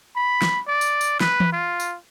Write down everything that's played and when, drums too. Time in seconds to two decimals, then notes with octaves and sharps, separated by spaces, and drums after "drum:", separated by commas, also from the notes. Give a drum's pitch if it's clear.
0.16 B5
0.42 drum: snare
0.67 D5
0.81 drum: tambourine
1.01 drum: tambourine
1.21 B4, drum: snare
1.40 drum: tom E3
1.52 F4
1.80 drum: tambourine